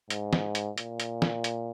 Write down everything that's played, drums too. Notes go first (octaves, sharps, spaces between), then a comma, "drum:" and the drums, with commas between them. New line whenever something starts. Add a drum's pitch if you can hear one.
G#2, drum: hi-hat
drum: snare
drum: hi-hat
A#2, drum: hi-hat
drum: hi-hat
drum: snare
drum: hi-hat